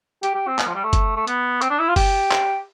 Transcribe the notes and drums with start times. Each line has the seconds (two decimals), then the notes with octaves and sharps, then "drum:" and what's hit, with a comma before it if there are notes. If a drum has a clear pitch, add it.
0.23 G4, drum: hi-hat
0.35 G4
0.47 C4
0.59 B3, drum: clap
0.67 F3
0.75 G3
0.84 A3
0.93 drum: kick F#1, hi-hat
1.16 A3
1.27 B3, drum: hi-hat
1.62 C4, drum: hi-hat
1.70 D4
1.79 E4
1.89 F4
1.96 G4, drum: kick F#1, open hi-hat
2.31 drum: clap